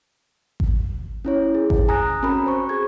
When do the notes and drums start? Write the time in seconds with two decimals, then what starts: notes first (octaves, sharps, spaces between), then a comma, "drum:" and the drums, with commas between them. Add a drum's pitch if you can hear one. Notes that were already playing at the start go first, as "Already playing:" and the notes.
0.60 drum: kick G#1
1.25 C#4 E4 C#5
1.55 G#4
1.70 drum: kick G#1
1.88 G#5 A#5 D#6 F#6 A#6
2.22 C4 C#4 F#4 A#4 A#5 B5
2.46 C5 C#6
2.69 G#4 G#6